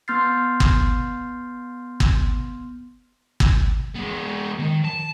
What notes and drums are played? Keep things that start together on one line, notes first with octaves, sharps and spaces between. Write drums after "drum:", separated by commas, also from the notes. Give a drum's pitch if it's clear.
B3 C6 F6 G6 A6 C7
drum: kick
drum: kick
drum: kick
G#3 B3
D#3
A5